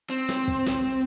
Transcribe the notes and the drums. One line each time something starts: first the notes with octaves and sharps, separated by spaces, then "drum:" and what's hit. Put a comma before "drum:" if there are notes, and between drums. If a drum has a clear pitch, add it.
C4
drum: snare
drum: kick
drum: snare